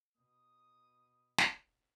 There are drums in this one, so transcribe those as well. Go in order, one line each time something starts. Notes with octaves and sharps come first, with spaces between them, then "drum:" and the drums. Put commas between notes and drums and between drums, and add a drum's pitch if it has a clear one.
B2 D#6
drum: snare